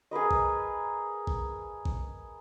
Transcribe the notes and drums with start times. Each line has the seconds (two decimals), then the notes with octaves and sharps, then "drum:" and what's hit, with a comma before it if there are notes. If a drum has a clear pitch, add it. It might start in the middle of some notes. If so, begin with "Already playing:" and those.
0.11 G#4 A#4 B4 D#5
0.31 drum: kick A1
1.27 drum: kick A1
1.85 drum: kick A1